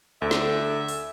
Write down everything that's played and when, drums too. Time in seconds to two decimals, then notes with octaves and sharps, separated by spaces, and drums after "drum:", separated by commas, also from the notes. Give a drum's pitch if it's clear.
0.22 D2 D3 E5
0.31 drum: snare
0.88 drum: open hi-hat